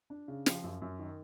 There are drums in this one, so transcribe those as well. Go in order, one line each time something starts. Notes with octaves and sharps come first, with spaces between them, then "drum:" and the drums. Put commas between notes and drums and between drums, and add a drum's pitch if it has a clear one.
D4
C#3
F3, drum: snare
F#2
F#2
D#3